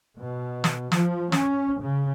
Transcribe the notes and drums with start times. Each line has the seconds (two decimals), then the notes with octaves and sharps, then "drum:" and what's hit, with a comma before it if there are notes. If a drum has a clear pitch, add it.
0.16 B2
0.64 drum: snare
0.92 F3, drum: snare
1.32 C#4, drum: snare
1.80 C#3